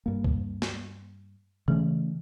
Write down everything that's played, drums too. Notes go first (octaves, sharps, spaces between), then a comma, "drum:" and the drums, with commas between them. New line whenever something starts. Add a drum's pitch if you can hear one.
G2 A#3
drum: kick C#2
drum: snare
C#3 E3 A3 C#4